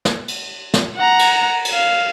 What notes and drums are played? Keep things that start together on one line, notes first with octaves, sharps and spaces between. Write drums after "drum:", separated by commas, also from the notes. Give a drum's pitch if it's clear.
drum: snare
drum: cymbal
drum: snare
F#5 A#5
drum: cymbal
drum: cymbal
F5